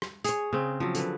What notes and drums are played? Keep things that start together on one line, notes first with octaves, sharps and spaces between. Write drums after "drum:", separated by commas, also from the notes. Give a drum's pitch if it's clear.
drum: rim click
G#4 C#5, drum: hi-hat
C#3 C4
F3 F#3
D3 B4, drum: hi-hat